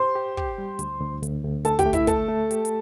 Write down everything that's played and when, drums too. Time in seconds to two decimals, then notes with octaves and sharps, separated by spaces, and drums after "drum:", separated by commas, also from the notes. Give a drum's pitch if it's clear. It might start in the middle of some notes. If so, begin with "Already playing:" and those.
Already playing: G4 C5 C6
0.15 G4
0.37 G4, drum: kick
0.58 G3
0.79 D2, drum: hi-hat
1.00 D2
1.23 D2, drum: hi-hat
1.44 D2
1.65 A3 A4 A5, drum: hi-hat
1.79 G4 G5, drum: kick, hi-hat
1.86 A3
1.93 E4 E5, drum: kick, hi-hat
2.07 A3 A4 A5, drum: kick, hi-hat
2.29 A3
2.51 G4, drum: hi-hat
2.65 drum: hi-hat